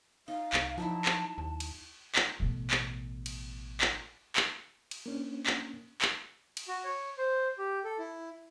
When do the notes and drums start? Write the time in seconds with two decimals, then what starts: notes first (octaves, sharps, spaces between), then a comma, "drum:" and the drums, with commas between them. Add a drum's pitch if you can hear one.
0.28 D#4 F5
0.53 C2, drum: clap
0.78 F3 F#3 D#4 E4 A5
1.05 drum: clap
1.38 D#2
1.60 drum: cymbal
2.16 drum: clap
2.40 A1 B2
2.71 drum: clap
3.26 drum: cymbal
3.81 drum: clap
4.36 drum: clap
4.91 drum: cymbal
5.06 A#3 C#4 D4
5.47 drum: clap
6.02 drum: clap
6.57 drum: cymbal
6.68 F#4
6.84 C#5
7.18 C5
7.58 G4
7.84 A4
7.99 E4